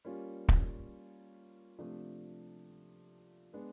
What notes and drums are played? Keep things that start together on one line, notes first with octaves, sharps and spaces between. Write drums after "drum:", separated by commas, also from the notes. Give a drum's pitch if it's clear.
G3 A#3 C#4 F4
drum: kick
C3 F3 A3 D4
G#3 B3 D4